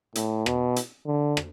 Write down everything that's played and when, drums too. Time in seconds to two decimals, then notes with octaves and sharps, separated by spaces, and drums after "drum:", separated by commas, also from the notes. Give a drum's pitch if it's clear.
0.15 A2, drum: hi-hat
0.46 B2, drum: rim click
0.76 drum: hi-hat
1.07 D3
1.37 drum: rim click